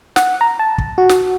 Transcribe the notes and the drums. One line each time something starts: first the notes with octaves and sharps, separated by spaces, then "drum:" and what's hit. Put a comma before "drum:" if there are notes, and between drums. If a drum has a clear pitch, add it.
F#5, drum: snare
A#5
A5
drum: kick
F#4
drum: snare